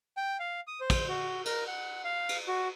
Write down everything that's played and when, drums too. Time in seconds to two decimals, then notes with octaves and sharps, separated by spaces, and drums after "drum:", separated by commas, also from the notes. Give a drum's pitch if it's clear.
0.17 G5
0.40 F5
0.67 D#6
0.81 C5
0.90 drum: kick, cymbal
1.09 F#4
1.45 A#4, drum: cymbal
1.67 F#5
2.04 F5
2.29 drum: cymbal
2.48 F#4